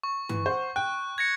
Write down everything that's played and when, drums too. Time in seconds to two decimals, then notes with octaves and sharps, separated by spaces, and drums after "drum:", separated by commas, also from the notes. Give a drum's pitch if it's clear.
0.03 C#6
0.29 E3, drum: tom G2
0.46 C5 F#5
0.76 G5 F#6
1.18 G#6 A#6 C#7